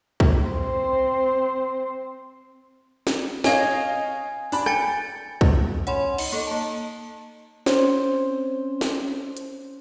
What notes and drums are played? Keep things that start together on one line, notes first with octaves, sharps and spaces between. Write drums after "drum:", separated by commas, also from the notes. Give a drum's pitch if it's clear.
drum: kick
C4 C5
drum: snare
C#5 D#5 F5 G#5 G#6, drum: snare
D4 B5, drum: open hi-hat
G5 G#5 A6 C#7, drum: rim click
drum: kick
C#4 F#5 B5 C6, drum: hi-hat
D#4, drum: cymbal
A#3 A4
A#3 A5
C4 C#4 C5, drum: snare
drum: snare
drum: hi-hat